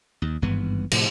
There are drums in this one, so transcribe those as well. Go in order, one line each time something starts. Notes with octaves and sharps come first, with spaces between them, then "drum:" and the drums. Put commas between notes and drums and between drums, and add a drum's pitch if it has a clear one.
D#2
G#1 G2 E3 B3
A2 C3 F3, drum: cymbal